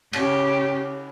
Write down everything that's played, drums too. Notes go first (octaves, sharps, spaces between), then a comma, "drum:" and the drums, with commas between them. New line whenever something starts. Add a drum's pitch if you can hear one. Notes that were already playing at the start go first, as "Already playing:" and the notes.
C#3 G4, drum: cymbal